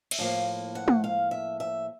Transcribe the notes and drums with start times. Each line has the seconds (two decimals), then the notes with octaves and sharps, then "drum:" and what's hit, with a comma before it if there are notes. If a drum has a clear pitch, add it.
0.11 E5, drum: cymbal
0.19 A2 F3 A#3 F5
0.75 F#5
0.88 drum: tom
1.04 F5
1.31 E5
1.60 E5